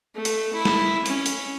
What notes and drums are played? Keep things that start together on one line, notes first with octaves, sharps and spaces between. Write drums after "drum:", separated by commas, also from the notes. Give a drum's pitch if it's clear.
A3
drum: hi-hat
E4
drum: snare
C#4, drum: hi-hat
drum: hi-hat